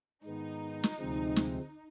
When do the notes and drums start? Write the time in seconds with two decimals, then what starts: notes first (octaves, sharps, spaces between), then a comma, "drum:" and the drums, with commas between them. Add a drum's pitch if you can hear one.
0.24 G#2 D#3 G#3 B3 D#4
0.84 drum: snare
1.00 D2 C3 F3 G#3 C4
1.36 drum: snare